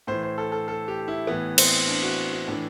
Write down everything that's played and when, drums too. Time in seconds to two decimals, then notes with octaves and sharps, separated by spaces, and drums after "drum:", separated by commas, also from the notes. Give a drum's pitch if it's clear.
0.07 A2 E3 C5
0.23 C5
0.38 A4
0.52 A4
0.68 A4
0.88 G4
1.08 E4
1.27 A2 E3 B3
1.58 C4, drum: cymbal
1.88 D4
2.03 F#4
2.33 F#4
2.48 A2 E3 D4